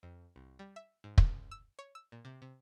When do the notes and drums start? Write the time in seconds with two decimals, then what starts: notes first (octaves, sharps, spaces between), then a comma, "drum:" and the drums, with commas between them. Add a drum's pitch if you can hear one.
0.03 F2
0.36 C2
0.59 G3
0.76 E5
1.04 G#2
1.18 C#2, drum: kick
1.51 E6
1.79 C#5
1.95 E6
2.12 A#2
2.25 C3
2.42 C3